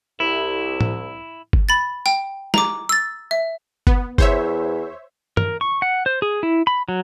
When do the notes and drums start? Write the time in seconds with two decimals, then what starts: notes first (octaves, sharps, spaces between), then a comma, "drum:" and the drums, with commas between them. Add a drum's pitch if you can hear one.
0.20 C2 E4
0.81 drum: tom A2
1.53 drum: kick G1
1.69 B5 A6
2.06 G5, drum: tambourine
2.54 A#5 D6, drum: snare
2.89 E6 A6
3.31 E5
3.87 B3, drum: kick G1
4.18 E2 C5 C#5 E5, drum: kick G1
5.37 A#4, drum: tom
5.61 C#6
5.82 F#5
6.06 C5
6.22 G#4
6.43 E4
6.67 B5
6.89 F#3